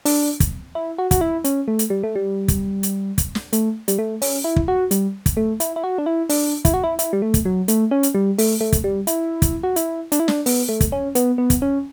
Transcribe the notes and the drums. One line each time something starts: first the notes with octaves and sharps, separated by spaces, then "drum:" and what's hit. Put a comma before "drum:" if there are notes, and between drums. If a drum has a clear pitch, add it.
D4, drum: open hi-hat
drum: kick, hi-hat
E4
F#4
F#4, drum: kick, hi-hat
E4
C#4, drum: hi-hat
A3
drum: hi-hat
G3
A3
G3
drum: kick, hi-hat
drum: hi-hat
drum: kick, hi-hat
drum: snare
A3, drum: hi-hat
G3, drum: hi-hat
A3
C#4, drum: open hi-hat
E4
drum: kick
F#4
G3, drum: hi-hat
drum: kick, hi-hat
A3
E4, drum: hi-hat
E4
F#4
D4
E4
D4, drum: open hi-hat
E4, drum: kick, hi-hat
F#4
E4
E4, drum: hi-hat
G3
A3
drum: kick, hi-hat
F#3
A3, drum: hi-hat
C#4
drum: hi-hat
G3
A3, drum: open hi-hat
A3
drum: kick, hi-hat
G3
E4, drum: hi-hat
drum: kick, hi-hat
F#4
E4, drum: hi-hat
D4, drum: hi-hat
E4
D4, drum: snare
B3, drum: open hi-hat
A3
drum: kick, hi-hat
C#4
B3, drum: hi-hat
B3
drum: kick, hi-hat
C#4